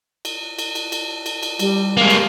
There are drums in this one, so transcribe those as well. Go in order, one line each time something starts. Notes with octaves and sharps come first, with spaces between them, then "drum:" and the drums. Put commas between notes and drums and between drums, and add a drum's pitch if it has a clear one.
drum: cymbal
drum: cymbal
drum: cymbal
drum: cymbal
drum: cymbal
drum: cymbal
G3, drum: cymbal
G#3 A#3
drum: cymbal